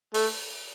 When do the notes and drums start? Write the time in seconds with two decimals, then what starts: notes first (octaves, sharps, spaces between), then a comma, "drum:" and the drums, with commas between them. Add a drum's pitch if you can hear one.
0.14 A3, drum: open hi-hat